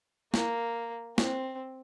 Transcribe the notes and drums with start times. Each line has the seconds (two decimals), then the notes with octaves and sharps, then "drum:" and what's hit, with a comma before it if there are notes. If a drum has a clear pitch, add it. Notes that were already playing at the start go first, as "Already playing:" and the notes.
0.34 A#3, drum: snare
1.18 C4, drum: snare